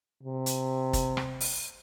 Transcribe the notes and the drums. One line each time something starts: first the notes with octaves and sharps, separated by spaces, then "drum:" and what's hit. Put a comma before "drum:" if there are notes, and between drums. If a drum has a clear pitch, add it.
C3
drum: hi-hat
drum: kick, hi-hat
drum: rim click
drum: open hi-hat